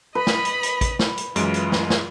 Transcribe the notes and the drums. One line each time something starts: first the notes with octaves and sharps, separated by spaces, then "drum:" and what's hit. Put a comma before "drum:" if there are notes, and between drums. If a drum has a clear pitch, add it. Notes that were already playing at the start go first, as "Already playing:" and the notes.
B4 D#5 B5
drum: snare
drum: hi-hat
drum: hi-hat
drum: kick A1, hi-hat
drum: snare
drum: hi-hat
F#2 E3 G#3 F4 D7, drum: hi-hat
drum: hi-hat
drum: snare
drum: snare